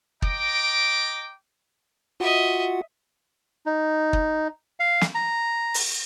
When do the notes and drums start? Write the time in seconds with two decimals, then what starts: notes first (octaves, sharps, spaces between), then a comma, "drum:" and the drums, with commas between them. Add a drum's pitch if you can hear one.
0.22 D#5 G5 A#5 D6, drum: kick
2.20 F4 F#4 D#5 E5 F#5
3.66 D#4
4.13 drum: kick
4.80 F5
5.01 drum: snare
5.15 A#5
5.74 drum: open hi-hat